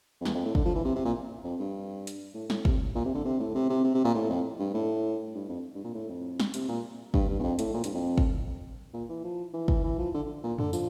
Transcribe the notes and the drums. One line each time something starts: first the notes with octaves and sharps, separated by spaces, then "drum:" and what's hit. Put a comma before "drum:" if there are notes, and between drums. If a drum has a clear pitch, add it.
F2
E2, drum: snare
F2
A2
D3, drum: kick
F3
E3
C3
C3
A#2
F2
G2
drum: hi-hat
A2
A2, drum: snare
C3, drum: kick
A#2
C3
D3
C3
A2
C3
C3
C3
C3
A#2
A2
F2
G2
A2
G2
F2
G2
A#2
A2
F2
drum: snare
C3, drum: hi-hat
A#2
G2, drum: kick
G2
E2
F2
A2, drum: hi-hat
A#2
G2, drum: hi-hat
F2
drum: kick
A#2
E3
F3
E3
E3, drum: kick
E3
F3
D3
A#2
D3, drum: tom F2
F3, drum: tambourine